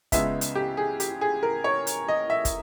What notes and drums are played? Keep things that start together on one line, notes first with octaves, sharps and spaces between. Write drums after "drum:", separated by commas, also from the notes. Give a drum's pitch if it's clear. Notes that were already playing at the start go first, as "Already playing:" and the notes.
C#2 C#3 G#3 B3 E5, drum: kick, hi-hat
drum: hi-hat
G4
G#4
G4, drum: hi-hat
G#4
A#4
C#5
drum: hi-hat
D#5
E5
drum: kick, hi-hat